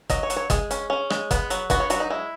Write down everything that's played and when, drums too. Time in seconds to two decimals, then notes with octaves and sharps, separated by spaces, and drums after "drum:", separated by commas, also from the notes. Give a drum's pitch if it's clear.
0.10 F#3 D#5, drum: kick G1, hi-hat
0.23 C#5
0.30 F#3, drum: hi-hat
0.36 C#5
0.50 G#3 G#4, drum: kick G1, hi-hat
0.71 C#4, drum: hi-hat
0.90 C#4
1.10 G#3, drum: rim click
1.31 B3, drum: kick G1, hi-hat
1.50 F#3, drum: hi-hat
1.70 B3 F#4, drum: kick G1, hi-hat
1.80 C#5
1.90 F#3 F#4, drum: hi-hat
2.00 D#4
2.10 G#3 E4